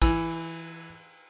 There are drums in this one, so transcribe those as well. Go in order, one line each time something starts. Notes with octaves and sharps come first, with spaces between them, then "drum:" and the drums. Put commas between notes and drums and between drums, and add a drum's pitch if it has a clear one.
E3, drum: kick A1, cymbal